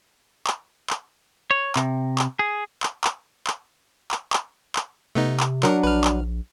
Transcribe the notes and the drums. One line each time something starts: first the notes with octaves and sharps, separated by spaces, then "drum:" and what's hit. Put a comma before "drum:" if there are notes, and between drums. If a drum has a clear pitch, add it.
drum: clap
drum: clap
C#5
C3, drum: clap
drum: clap
G#4
drum: clap
drum: clap
drum: clap
drum: clap
drum: clap
drum: clap
C3 A3 B3 D#4
drum: clap
F#3 D4 A#4 F#5, drum: clap
A#1 B4 F6
drum: clap